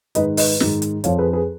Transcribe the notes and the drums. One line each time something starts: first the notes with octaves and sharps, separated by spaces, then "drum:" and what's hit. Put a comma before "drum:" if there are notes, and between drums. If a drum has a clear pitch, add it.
G#2 D#3 B4 D#5, drum: hi-hat
B4 D#5, drum: open hi-hat
G#2 D#3, drum: snare
drum: hi-hat
F2 F3 C#5 F5, drum: hi-hat
G#4 B4
G#4 B4